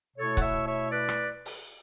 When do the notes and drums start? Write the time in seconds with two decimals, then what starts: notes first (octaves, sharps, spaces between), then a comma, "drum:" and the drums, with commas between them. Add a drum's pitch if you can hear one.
0.16 B2 A3 E4 A4 C#5
0.37 F#5, drum: kick C#1, hi-hat
0.41 C#5 E5
0.65 C#5 E5
0.90 B4 D5
1.09 drum: rim click
1.45 drum: open hi-hat